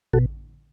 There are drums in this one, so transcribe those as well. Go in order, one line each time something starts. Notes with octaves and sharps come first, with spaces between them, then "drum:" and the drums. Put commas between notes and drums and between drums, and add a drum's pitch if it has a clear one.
B2 F#4 A4, drum: kick A1